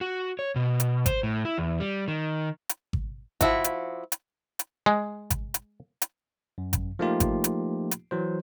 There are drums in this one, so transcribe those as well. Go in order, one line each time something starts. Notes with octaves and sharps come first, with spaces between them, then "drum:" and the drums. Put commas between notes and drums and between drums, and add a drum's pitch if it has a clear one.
F#4
C#5
B2
drum: hi-hat
C5, drum: kick G#1, hi-hat
A2
E4
E2
G3
D#3
drum: hi-hat
drum: kick G#1
F3 E4 F#4, drum: kick G#1, hi-hat
drum: hi-hat
drum: hi-hat
drum: hi-hat
G#3
drum: kick G#1, hi-hat
drum: hi-hat
drum: hi-hat
F#2
drum: kick G#1, hi-hat
F3 A3 A#3 D#4 F4 G4
drum: kick G#1, hi-hat
drum: hi-hat
drum: hi-hat
E3 F#3 C5